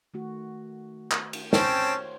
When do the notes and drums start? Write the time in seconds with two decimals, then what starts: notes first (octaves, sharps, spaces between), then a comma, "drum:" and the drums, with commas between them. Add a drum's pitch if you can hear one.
0.14 D#3 A3 F#4
1.11 drum: clap
1.33 drum: cymbal
1.53 C4 C#4 C5 C#5 G5 A5, drum: snare